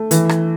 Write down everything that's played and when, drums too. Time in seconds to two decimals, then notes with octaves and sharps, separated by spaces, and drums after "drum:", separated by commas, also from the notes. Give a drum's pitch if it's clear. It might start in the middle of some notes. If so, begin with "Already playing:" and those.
Already playing: A3
0.11 E3, drum: hi-hat
0.29 drum: rim click